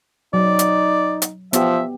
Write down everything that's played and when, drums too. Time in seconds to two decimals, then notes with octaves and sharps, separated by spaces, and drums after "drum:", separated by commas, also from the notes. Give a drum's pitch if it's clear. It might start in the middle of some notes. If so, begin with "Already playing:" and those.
0.34 F#3 D#4 D5
0.59 drum: hi-hat
1.22 drum: hi-hat
1.53 F3 B3 G4 E5, drum: hi-hat